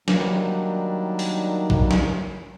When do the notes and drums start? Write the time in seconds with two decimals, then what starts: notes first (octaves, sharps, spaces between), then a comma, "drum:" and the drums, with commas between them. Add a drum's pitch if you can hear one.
0.08 D#3 F#3 G3 A#3 D4 D#4, drum: snare
1.19 drum: open hi-hat
1.70 drum: kick A#1
1.91 drum: snare